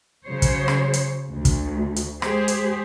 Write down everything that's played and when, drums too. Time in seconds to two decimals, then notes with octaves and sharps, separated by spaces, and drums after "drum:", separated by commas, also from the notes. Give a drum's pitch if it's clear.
0.25 C#3 F#3 C5 C#5
0.42 drum: kick, hi-hat
0.68 drum: rim click
0.93 drum: hi-hat
1.30 D2
1.45 drum: kick, hi-hat
1.96 drum: hi-hat
2.22 G#3 G4 G#4 C5, drum: rim click
2.48 drum: hi-hat